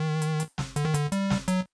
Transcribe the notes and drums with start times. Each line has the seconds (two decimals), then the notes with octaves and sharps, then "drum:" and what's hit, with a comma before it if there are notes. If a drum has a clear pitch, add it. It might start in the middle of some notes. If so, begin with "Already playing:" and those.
Already playing: D#3
0.22 drum: hi-hat
0.40 drum: hi-hat
0.58 drum: snare
0.76 D3, drum: hi-hat
0.85 D#3
0.94 D3, drum: hi-hat
1.12 G3, drum: hi-hat
1.30 drum: snare
1.48 F#3, drum: hi-hat